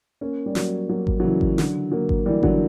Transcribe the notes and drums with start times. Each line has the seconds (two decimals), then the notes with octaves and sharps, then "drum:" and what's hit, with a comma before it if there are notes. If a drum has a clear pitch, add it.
0.21 A#3 C#4
0.46 G3
0.55 F#3 A#3, drum: snare
0.89 F#3 A#3
1.07 drum: kick G#1
1.20 F#3
1.24 C#3 E3
1.41 drum: kick G#1
1.58 D3 F#3, drum: snare
1.91 F#3 A#3
2.09 drum: kick G#1
2.26 E3 G3
2.43 D3 F#3, drum: kick G#1